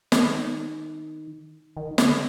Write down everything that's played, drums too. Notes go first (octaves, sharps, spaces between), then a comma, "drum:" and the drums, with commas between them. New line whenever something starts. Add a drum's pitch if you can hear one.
D#3, drum: snare
D#3
D3, drum: snare